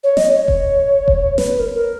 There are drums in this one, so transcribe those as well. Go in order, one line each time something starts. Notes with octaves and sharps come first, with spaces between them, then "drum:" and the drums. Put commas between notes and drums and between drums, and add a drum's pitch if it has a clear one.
C#5
D#5, drum: snare
C#5
drum: kick F1
drum: kick F1
B4, drum: snare
A#4
A#4